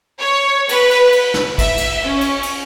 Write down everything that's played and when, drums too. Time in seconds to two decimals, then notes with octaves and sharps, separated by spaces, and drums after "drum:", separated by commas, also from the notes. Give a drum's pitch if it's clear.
0.19 C#5
0.69 B4, drum: cymbal
0.91 drum: cymbal
1.12 drum: cymbal
1.34 drum: snare
1.58 E5, drum: kick, cymbal
1.78 drum: cymbal
2.04 C#4
2.21 drum: cymbal
2.43 drum: cymbal